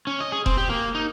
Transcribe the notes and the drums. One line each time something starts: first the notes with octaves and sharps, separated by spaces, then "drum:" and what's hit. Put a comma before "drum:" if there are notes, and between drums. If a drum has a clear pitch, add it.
C#4
D#5
G#4
C4, drum: kick E1
G4
A#3
D#4